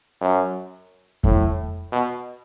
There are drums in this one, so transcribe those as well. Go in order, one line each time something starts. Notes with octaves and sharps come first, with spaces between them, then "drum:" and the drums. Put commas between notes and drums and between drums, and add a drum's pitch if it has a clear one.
F#2
A2, drum: kick F2
B2